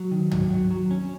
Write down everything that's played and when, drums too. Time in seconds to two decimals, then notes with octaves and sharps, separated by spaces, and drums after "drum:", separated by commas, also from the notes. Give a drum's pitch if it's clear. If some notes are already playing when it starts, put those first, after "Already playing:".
Already playing: F#3
0.11 D#3
0.31 F#3, drum: tom
0.50 F#3
0.71 F#3
0.91 C#4